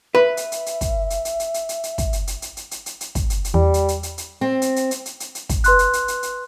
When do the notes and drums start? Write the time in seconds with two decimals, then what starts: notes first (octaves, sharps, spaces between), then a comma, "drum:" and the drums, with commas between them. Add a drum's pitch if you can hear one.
0.15 B4 E5
0.37 drum: hi-hat
0.52 drum: hi-hat
0.66 drum: hi-hat
0.81 drum: kick, hi-hat
1.10 drum: hi-hat
1.25 drum: hi-hat
1.40 drum: hi-hat
1.54 drum: hi-hat
1.69 drum: hi-hat
1.83 drum: hi-hat
1.98 drum: kick, hi-hat
2.13 drum: hi-hat
2.27 drum: hi-hat
2.42 drum: hi-hat
2.57 drum: hi-hat
2.71 drum: hi-hat
2.86 drum: hi-hat
3.01 drum: hi-hat
3.15 drum: kick, hi-hat
3.30 drum: hi-hat
3.45 drum: hi-hat
3.54 E2 G3
3.74 drum: hi-hat
3.88 drum: hi-hat
4.03 drum: hi-hat
4.18 drum: hi-hat
4.41 C4
4.62 drum: hi-hat
4.76 drum: hi-hat
4.91 drum: hi-hat
5.06 drum: hi-hat
5.20 drum: hi-hat
5.35 drum: hi-hat
5.49 drum: kick, hi-hat
5.64 B4 C6 F#6, drum: hi-hat
5.79 drum: hi-hat
5.93 drum: hi-hat
6.08 drum: hi-hat
6.23 drum: hi-hat